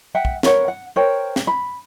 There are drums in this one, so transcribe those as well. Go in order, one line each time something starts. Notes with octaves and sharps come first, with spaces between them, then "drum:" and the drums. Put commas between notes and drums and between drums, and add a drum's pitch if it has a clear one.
E5 F#5 G5
drum: kick
A#4 B4 C#5 F#5, drum: snare
F#5
A#4 C5 C#5 G5
drum: snare
B5